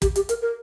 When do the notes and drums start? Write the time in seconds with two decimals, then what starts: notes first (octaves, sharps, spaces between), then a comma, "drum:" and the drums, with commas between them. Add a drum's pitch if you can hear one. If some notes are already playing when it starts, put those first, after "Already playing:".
0.02 G4, drum: kick, hi-hat
0.16 G4, drum: hi-hat
0.29 A#4, drum: hi-hat
0.42 A#4